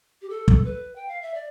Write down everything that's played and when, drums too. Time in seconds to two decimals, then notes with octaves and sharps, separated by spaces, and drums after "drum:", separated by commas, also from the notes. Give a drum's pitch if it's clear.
0.22 G4
0.30 A4
0.48 drum: kick
0.65 B4
0.96 G5
1.08 F5
1.22 E5
1.34 D5